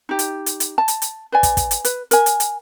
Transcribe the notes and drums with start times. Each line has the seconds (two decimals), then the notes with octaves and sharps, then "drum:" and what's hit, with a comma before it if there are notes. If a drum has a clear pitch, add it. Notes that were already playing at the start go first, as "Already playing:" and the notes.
0.09 D#4 G4
0.19 drum: hi-hat
0.46 drum: hi-hat
0.60 drum: hi-hat
0.78 A5
0.88 drum: hi-hat
1.02 drum: hi-hat
1.32 B4 D5 G#5
1.43 drum: kick, hi-hat
1.57 drum: kick, hi-hat
1.71 drum: hi-hat
1.85 B4, drum: hi-hat
2.11 A#4 G#5, drum: hi-hat
2.26 drum: hi-hat
2.40 drum: hi-hat